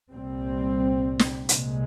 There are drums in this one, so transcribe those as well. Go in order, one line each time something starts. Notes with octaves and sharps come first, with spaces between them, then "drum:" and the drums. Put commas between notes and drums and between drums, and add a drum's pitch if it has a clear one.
C2 A#2 G3 C4
drum: snare
C2 A#2 G#3, drum: hi-hat